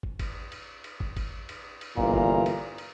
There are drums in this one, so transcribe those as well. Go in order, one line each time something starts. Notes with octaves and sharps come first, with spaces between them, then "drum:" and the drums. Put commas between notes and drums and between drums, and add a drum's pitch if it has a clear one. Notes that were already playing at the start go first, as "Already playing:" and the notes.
drum: kick
drum: kick, cymbal
drum: cymbal
drum: cymbal
drum: kick
drum: kick, cymbal
drum: cymbal
drum: cymbal
G1 A#2 E3 F5 A#5, drum: kick
drum: kick
drum: cymbal
drum: cymbal